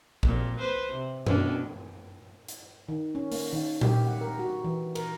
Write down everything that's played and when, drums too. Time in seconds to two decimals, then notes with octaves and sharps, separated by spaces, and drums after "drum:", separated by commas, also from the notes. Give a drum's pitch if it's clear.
0.23 F2 A#2, drum: kick A1
0.59 B4 C5
0.93 C3
1.27 B2 C#4 D4, drum: tom F#2
2.48 drum: hi-hat
2.89 D#3
3.15 C#4
3.32 A#3, drum: open hi-hat
3.53 D#3
3.81 G4, drum: tom A#2
4.07 F#5
4.21 A#4
4.39 F#4
4.64 E3
4.95 A#4, drum: cymbal